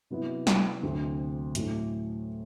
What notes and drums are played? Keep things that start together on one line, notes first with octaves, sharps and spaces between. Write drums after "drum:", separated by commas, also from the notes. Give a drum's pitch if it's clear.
C3 F#3 B3 E4
drum: snare
D2 C3 F#3 C4
A2 F#3 A3, drum: hi-hat